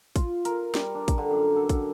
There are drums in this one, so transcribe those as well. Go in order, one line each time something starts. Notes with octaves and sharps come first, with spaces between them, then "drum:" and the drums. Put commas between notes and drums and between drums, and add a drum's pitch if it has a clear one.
F4, drum: kick, hi-hat
A#4, drum: hi-hat
G3, drum: snare
D4
drum: kick, hi-hat
D3
F#2
A4
drum: kick, hi-hat